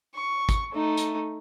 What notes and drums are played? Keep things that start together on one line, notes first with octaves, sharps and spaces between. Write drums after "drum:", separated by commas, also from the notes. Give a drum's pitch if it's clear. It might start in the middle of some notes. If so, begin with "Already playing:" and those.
C#6
drum: kick, hi-hat
A3 D#4
drum: hi-hat